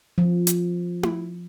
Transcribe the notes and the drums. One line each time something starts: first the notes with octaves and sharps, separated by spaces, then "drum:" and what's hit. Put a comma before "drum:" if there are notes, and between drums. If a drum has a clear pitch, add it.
F3
drum: hi-hat
drum: tom E4